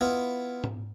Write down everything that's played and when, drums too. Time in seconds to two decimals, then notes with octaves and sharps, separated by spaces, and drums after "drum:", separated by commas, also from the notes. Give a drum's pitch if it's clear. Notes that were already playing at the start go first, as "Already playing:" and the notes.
0.01 B3 E4 F4
0.64 drum: tom G#2